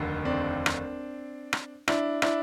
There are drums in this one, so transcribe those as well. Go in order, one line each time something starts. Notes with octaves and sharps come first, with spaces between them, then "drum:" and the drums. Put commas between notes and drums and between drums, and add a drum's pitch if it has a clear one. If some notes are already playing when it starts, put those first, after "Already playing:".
Already playing: F1 D#2 D3
C4 D4
drum: rim click
drum: rim click
D4 E4, drum: rim click
D4 E4, drum: rim click